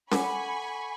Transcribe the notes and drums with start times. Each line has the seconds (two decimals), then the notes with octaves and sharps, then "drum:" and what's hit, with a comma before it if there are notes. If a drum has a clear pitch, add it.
0.11 A4 F#5 G#5 B5 C#6 D6, drum: snare C#4